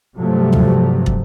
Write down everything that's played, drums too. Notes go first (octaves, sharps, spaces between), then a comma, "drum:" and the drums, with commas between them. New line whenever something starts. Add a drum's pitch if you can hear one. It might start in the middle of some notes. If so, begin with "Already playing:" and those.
G2 C3 F3 F#3 A3
drum: tom
drum: kick